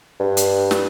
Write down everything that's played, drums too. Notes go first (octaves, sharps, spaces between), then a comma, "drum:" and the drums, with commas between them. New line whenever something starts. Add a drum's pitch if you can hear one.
G2
drum: hi-hat
drum: snare